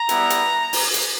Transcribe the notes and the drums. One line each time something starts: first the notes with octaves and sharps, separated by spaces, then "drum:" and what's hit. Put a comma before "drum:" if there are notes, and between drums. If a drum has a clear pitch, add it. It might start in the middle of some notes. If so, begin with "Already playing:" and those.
Already playing: A#5
G3 B3 E4, drum: hi-hat
drum: hi-hat
drum: open hi-hat
drum: hi-hat